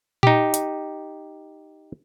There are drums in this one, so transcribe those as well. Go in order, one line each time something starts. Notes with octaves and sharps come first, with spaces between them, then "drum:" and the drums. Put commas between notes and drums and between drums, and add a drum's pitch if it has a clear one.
D#4 G4, drum: tom A#2
drum: hi-hat